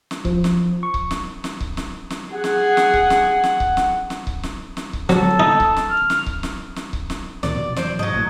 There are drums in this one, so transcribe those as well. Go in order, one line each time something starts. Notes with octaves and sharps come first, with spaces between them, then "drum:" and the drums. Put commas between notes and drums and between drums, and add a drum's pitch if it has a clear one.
drum: snare
F3, drum: kick C#1
drum: snare
C#6
drum: kick C#1
drum: snare
drum: snare
drum: kick C#1
drum: snare
drum: snare
G#4 F#5
drum: snare
drum: snare
drum: kick C#1
drum: snare
drum: snare
drum: kick C#1
drum: snare
drum: snare
drum: kick C#1
drum: snare
drum: snare
drum: kick C#1
F#3 A4, drum: snare
D#4
drum: kick C#1
drum: snare
F6
drum: snare
drum: kick C#1
drum: snare
drum: snare
drum: kick C#1
drum: snare
C#2 A#2 D#3 D5, drum: snare
F1 B2 B3
E3 F#3 C5 D5, drum: snare
G#2 F#3 D#5
A1 A#2